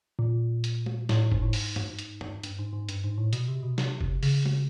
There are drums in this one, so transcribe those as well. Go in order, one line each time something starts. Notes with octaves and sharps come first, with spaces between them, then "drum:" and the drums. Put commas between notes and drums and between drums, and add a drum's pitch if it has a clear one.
A#2
drum: hi-hat
drum: tom
A2, drum: snare
A2
G#2, drum: kick F#1
A2
G#2, drum: open hi-hat
drum: tom
drum: hi-hat
drum: tom
G2, drum: hi-hat
G#2
G#2
G2, drum: hi-hat
G#2
A2
B2, drum: hi-hat
C3
B2
C3, drum: snare
drum: kick F#1
C#3, drum: open hi-hat
drum: tom